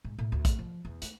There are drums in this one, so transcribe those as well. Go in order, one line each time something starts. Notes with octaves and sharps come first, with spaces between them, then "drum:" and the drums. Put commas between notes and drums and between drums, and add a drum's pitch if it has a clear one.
G#2
A2
D2
A3, drum: kick A#1, hi-hat
F3
E2
A3, drum: hi-hat